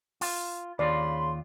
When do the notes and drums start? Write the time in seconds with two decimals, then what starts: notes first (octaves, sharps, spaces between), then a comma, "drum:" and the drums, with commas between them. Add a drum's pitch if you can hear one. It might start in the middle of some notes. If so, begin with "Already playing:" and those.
0.21 F4, drum: open hi-hat
0.79 D#2 C#3 F4 D5 B5 C6